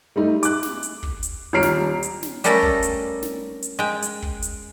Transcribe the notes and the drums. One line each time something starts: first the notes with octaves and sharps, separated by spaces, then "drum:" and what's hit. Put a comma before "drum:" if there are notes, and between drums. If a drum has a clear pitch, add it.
G3 A3 D#4
D6 F#6, drum: hi-hat
drum: snare
drum: hi-hat
drum: kick
drum: hi-hat
D#1 C#5 A#5 F6 C7 D7
drum: snare
drum: hi-hat
drum: snare
G3 A3 C#4 A4 A#4, drum: hi-hat
drum: kick
drum: hi-hat
drum: snare
drum: hi-hat
G#3 G5
drum: hi-hat
drum: kick
drum: hi-hat